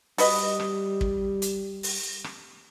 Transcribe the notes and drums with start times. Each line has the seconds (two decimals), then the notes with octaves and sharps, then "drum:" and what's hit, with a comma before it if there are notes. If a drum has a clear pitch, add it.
0.18 G3 F#4 B4 D#5, drum: open hi-hat
0.60 drum: rim click
1.01 drum: kick
1.42 drum: hi-hat
1.83 drum: open hi-hat
2.24 drum: rim click